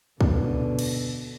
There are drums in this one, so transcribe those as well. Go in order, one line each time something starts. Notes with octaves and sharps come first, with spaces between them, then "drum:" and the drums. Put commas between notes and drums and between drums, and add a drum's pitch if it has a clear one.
B2 D3, drum: kick
drum: cymbal